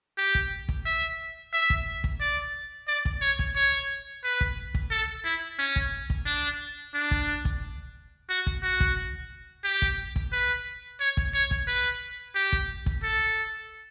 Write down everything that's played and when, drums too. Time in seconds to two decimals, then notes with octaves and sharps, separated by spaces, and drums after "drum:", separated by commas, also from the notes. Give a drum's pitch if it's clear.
0.18 G4
0.35 drum: kick
0.69 drum: kick
0.86 E5
1.53 E5
1.70 drum: kick
2.04 drum: kick
2.21 D5
2.88 D5
3.05 drum: kick
3.22 C#5
3.39 drum: kick
3.56 C#5
4.24 B4
4.41 drum: kick
4.74 drum: kick
4.91 A4
5.25 E4
5.59 C#4
5.76 drum: kick
6.10 drum: kick
6.27 D4
6.94 D4
7.11 drum: kick
7.45 drum: kick
8.30 F#4
8.47 drum: kick
8.63 F#4
8.80 drum: kick
9.65 G4
9.82 drum: kick
10.16 drum: kick
10.33 B4
11.00 C#5
11.17 drum: kick
11.34 C#5
11.51 drum: kick
11.68 B4
12.35 G4
12.52 drum: kick
12.86 drum: kick
13.03 A4